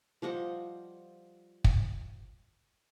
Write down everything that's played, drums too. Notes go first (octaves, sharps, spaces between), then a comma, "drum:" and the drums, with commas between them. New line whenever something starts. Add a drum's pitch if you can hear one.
F3 G3 D#5 F#5
drum: kick